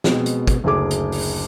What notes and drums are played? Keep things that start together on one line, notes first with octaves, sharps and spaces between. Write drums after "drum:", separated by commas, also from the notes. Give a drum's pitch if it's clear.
B2 G#3 C4, drum: snare
drum: hi-hat
drum: kick, hi-hat
F#1 D2 G#4 D6
drum: hi-hat
drum: open hi-hat